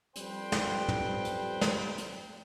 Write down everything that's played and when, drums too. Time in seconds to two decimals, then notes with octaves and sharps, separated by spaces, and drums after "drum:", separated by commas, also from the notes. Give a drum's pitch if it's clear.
0.16 F2 G3 B4 C5 G5, drum: hi-hat
0.52 drum: snare
0.89 drum: tom
1.25 drum: hi-hat
1.61 drum: snare
1.98 drum: hi-hat